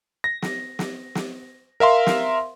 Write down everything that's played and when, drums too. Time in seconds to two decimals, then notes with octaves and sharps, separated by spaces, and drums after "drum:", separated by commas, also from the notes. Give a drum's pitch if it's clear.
0.24 A#6
0.42 drum: snare
0.79 drum: snare
1.15 drum: snare
1.80 A#4 E5 F5 C6
2.07 drum: snare